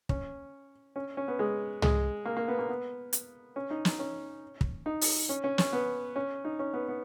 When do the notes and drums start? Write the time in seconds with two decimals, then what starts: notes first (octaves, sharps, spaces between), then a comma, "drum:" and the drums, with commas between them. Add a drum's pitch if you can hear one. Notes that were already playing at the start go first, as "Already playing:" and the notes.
0.09 C#4, drum: kick
0.96 C#4
1.17 C#4
1.28 B3
1.39 G#3
1.82 G#3, drum: tom
2.25 A#3
2.37 A#3
2.48 B3
2.59 A#3
2.69 B3
3.13 drum: hi-hat
3.56 C#4
3.70 D#4
3.85 D#4, drum: snare
3.99 C#4
4.61 drum: kick
4.86 D#4
5.01 drum: open hi-hat
5.29 C#4
5.44 C#4
5.58 C#4, drum: snare
5.73 B3
6.16 C#4
6.45 D#4
6.59 C#4
6.74 B3
6.88 B3